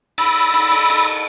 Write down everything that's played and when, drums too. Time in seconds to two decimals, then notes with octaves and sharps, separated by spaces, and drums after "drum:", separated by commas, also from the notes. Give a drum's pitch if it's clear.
0.18 B5 E6 A6 A#6, drum: cymbal
0.54 drum: cymbal
0.72 drum: cymbal
0.90 drum: cymbal